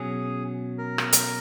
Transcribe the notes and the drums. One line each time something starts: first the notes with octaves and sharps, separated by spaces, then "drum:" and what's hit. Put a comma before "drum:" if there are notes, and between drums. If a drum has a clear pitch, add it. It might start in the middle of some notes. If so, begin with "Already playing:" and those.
Already playing: B2 F#3 C#4 G#4
A#4
drum: rim click
drum: hi-hat